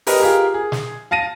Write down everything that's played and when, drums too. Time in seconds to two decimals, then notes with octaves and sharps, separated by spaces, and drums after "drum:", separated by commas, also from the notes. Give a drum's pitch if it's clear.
0.07 G4 A#4 B4 D#5, drum: open hi-hat
0.20 F4 G4 G#4 A#4
0.54 G#4
0.72 drum: snare
1.11 F5 A5 A#6 D#7